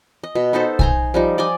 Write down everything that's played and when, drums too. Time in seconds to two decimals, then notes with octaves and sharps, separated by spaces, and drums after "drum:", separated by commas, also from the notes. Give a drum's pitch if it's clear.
0.23 D#5
0.35 B2
0.53 B3 D#4 A4 C5
0.79 G#5 A#5 C6, drum: kick
1.14 F3 G3 D#4
1.38 D5 D#5 G#5 D6